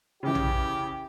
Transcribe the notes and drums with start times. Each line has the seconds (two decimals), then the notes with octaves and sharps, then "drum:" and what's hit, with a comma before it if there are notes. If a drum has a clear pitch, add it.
0.23 C#3 E3 G4
0.35 drum: tom A#1